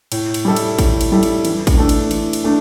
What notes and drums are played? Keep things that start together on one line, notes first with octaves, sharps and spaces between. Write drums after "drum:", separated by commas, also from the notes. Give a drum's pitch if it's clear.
A2, drum: cymbal
drum: cymbal
G3 E4 A4
drum: cymbal
A2, drum: kick, cymbal
drum: cymbal
G3 E4 A4
drum: cymbal
E3, drum: cymbal
drum: kick, cymbal
A3 D4 A4
drum: cymbal
E3, drum: cymbal
drum: cymbal
A3 D4 A4